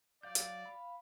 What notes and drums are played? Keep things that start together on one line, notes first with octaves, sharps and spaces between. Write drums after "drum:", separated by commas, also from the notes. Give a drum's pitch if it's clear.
F#3 D5 F5 G6
drum: hi-hat
F5 B5